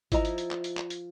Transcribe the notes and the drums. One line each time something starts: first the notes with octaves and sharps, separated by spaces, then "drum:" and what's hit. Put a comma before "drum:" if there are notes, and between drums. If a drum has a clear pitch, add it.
F3 E4 D#5 A#5, drum: kick G#1, hi-hat
drum: hi-hat
drum: hi-hat
drum: clap
drum: hi-hat
drum: clap
drum: hi-hat